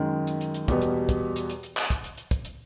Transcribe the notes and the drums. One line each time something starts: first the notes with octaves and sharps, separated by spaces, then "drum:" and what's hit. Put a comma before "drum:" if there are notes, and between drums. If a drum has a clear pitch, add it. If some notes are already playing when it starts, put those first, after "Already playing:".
Already playing: F#2 D#3 G#3
drum: hi-hat
drum: hi-hat
drum: hi-hat
E2 B2 G3 B3, drum: kick, hi-hat
drum: hi-hat
drum: kick, hi-hat
drum: hi-hat
drum: hi-hat
drum: hi-hat
drum: clap
drum: kick, hi-hat
drum: hi-hat
drum: hi-hat
drum: kick, hi-hat
drum: hi-hat